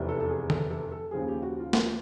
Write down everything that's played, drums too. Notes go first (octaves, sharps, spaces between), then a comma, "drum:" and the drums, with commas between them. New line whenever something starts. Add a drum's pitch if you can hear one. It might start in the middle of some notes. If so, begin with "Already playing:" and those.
Already playing: F1 E2 C3 E3
A4
A4
G#4
A4, drum: tom D3
A4
A4
D#2 C#3 F3 G#4
G4
F#4
F4
F4, drum: snare